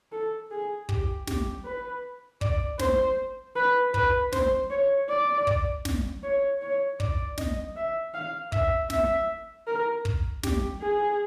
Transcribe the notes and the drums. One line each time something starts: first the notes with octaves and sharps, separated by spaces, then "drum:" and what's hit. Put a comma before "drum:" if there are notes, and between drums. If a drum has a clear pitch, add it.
A4
G#4
G4, drum: kick
G4, drum: snare
B4
D5, drum: kick
C5, drum: snare
B4
B4, drum: kick
C5, drum: snare
C#5
D5
drum: kick
drum: snare
C#5
C#5
D5, drum: kick
D#5, drum: snare
E5
F5
E5, drum: kick
E5, drum: snare
A#4
drum: kick
G4, drum: snare
G#4